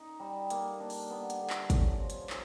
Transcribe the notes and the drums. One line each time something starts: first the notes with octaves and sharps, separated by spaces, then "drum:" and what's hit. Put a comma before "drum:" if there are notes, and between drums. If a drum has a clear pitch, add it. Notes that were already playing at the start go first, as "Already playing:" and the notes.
Already playing: C#4 D#4
G3
A#3, drum: hi-hat
D4
drum: open hi-hat
B3
drum: hi-hat
D3
drum: clap
C#4, drum: kick, hi-hat
F3
drum: hi-hat
drum: clap